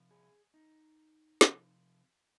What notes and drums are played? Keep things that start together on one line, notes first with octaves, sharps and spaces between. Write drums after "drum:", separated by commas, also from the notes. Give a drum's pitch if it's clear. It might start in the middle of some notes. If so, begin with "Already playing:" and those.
Already playing: C3 F3
G#4
D#4
C3 F3, drum: snare